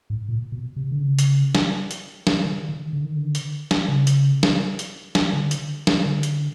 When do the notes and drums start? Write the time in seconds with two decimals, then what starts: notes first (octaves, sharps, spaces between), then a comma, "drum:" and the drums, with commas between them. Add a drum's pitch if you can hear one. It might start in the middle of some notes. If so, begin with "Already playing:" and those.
0.10 G#2
0.28 A#2
0.52 B2
0.76 C3
0.91 D3
1.00 C#3
1.19 drum: hi-hat
1.55 drum: snare
1.91 drum: hi-hat
2.27 drum: snare
2.45 D#3
2.69 D#3
2.93 D3
3.05 D#3
3.16 D3
3.35 drum: hi-hat
3.71 drum: snare
3.88 C#3
4.07 drum: hi-hat
4.43 drum: snare
4.79 drum: hi-hat
5.15 drum: snare
5.33 D3
5.51 drum: hi-hat
5.87 drum: snare
6.06 D3
6.23 drum: hi-hat